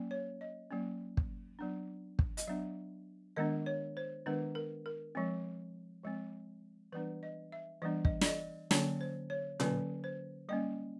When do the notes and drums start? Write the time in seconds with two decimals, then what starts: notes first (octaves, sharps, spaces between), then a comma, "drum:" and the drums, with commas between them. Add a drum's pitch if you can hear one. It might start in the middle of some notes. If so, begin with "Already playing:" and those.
Already playing: F#3 A#3 C#4
0.11 C#5
0.41 D#5
0.71 F#3 A#3 C#4
1.17 drum: kick
1.59 F#3 B3 D4
2.19 drum: kick
2.37 D#5, drum: hi-hat
2.47 F#3 B3 D4 E5
3.36 D#3 G#3 B3 D4 D#5
3.66 C#5
3.97 C5
4.26 D#3 G#3 B3 D4 B4
4.55 A#4
4.86 A#4
5.15 F3 G#3 C4
6.03 F3 G#3 C4
6.92 E3 G3 B3 D4 B4
7.23 D#5
7.52 E5
7.82 E3 G3 B3 D4 D#5
8.05 D#5, drum: kick
8.21 D5, drum: snare
8.26 D#5
8.71 D3 F#3 A#3 C#4 C#5, drum: snare
9.01 C5
9.30 C#5
9.60 D3 F#3 A#3 C#4 B4, drum: tom A#2
10.04 C5
10.49 G3 A#3 C#4 D#5